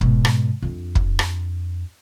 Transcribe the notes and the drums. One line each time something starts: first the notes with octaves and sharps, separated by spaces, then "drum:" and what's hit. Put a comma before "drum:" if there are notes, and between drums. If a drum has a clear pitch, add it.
G#2 B2, drum: kick
drum: rim click
F2 D4
drum: kick
drum: rim click